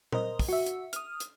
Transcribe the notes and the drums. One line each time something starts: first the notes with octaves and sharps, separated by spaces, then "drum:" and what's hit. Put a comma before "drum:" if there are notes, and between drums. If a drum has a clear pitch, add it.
A#4 C5 D#5, drum: tom A#2
drum: kick, open hi-hat
F#4 E5
drum: hi-hat
D#6 F6, drum: hi-hat
drum: hi-hat